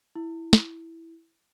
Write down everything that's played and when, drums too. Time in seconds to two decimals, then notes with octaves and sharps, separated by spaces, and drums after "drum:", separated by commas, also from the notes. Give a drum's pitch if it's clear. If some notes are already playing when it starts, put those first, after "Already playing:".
0.16 E4
0.53 drum: snare